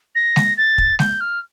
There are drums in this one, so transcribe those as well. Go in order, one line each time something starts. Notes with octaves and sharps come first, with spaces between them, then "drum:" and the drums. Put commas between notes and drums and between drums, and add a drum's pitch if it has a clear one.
A#6
drum: snare
A6
drum: kick
G6, drum: snare
F6